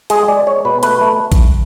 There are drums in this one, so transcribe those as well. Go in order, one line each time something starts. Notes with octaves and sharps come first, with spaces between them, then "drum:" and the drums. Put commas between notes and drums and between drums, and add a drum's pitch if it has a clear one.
G#3 G#4, drum: hi-hat
G#3 D5
G#3 C#5
B2 B4
A3 B4, drum: hi-hat
A3
drum: kick A1, hi-hat